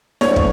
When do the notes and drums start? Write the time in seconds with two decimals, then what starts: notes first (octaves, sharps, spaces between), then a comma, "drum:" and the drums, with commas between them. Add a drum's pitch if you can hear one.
0.21 D2 D3 F#3 A3 D4 C#5, drum: snare E4
0.36 drum: kick